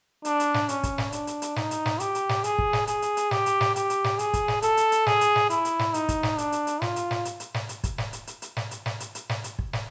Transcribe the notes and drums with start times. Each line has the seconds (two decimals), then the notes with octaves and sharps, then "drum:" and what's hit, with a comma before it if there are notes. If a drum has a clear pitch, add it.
0.25 D4, drum: hi-hat
0.40 drum: hi-hat
0.54 drum: snare
0.69 C#4, drum: hi-hat
0.83 drum: kick, hi-hat
0.98 drum: snare
1.12 D4, drum: hi-hat
1.27 drum: hi-hat
1.42 drum: hi-hat
1.56 D#4, drum: snare
1.71 drum: hi-hat
1.86 drum: snare
2.00 G4, drum: hi-hat
2.15 drum: hi-hat
2.29 drum: snare
2.44 G#4, drum: hi-hat
2.58 drum: kick
2.73 drum: snare
2.87 G#4, drum: hi-hat
3.02 drum: hi-hat
3.17 drum: hi-hat
3.31 G4, drum: snare
3.46 drum: hi-hat
3.61 drum: snare
3.76 G4, drum: hi-hat
3.90 drum: hi-hat
4.04 drum: snare
4.19 G#4, drum: hi-hat
4.34 drum: kick, hi-hat
4.48 drum: snare
4.62 A4, drum: hi-hat
4.77 drum: hi-hat
4.92 drum: hi-hat
5.06 G#4, drum: snare
5.21 drum: hi-hat
5.36 drum: snare
5.50 E4, drum: hi-hat
5.65 drum: hi-hat
5.79 drum: snare
5.94 D#4, drum: hi-hat
6.09 drum: kick, hi-hat
6.23 drum: snare
6.38 D4, drum: hi-hat
6.52 drum: hi-hat
6.67 drum: hi-hat
6.82 F4, drum: snare
6.96 drum: hi-hat
7.11 drum: snare
7.25 drum: hi-hat
7.40 drum: hi-hat
7.54 drum: snare
7.69 drum: hi-hat
7.84 drum: kick, hi-hat
7.98 drum: snare
8.13 drum: hi-hat
8.27 drum: hi-hat
8.42 drum: hi-hat
8.57 drum: snare
8.71 drum: hi-hat
8.86 drum: snare
9.00 drum: hi-hat
9.15 drum: hi-hat
9.29 drum: snare
9.44 drum: hi-hat
9.59 drum: kick
9.73 drum: snare